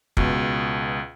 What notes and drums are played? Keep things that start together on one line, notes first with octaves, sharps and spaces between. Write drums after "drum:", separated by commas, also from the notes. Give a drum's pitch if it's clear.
C#2 B2, drum: kick